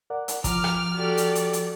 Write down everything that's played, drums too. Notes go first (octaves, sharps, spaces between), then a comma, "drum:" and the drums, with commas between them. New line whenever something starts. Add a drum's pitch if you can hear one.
A#4 D5 F#5
drum: hi-hat
F3 A#5 D6 F6, drum: kick, hi-hat
drum: rim click
F#4 G4 A4 D5
drum: hi-hat
drum: hi-hat
drum: hi-hat